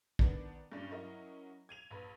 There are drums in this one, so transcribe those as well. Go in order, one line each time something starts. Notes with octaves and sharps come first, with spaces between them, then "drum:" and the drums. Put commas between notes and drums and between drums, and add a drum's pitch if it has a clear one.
D#3 B3 D4, drum: kick
G2 A#2 G3 C#4 D4
F#3 C#4 E4 A#4 D#5
G#6 D#7 F7
A#1 B4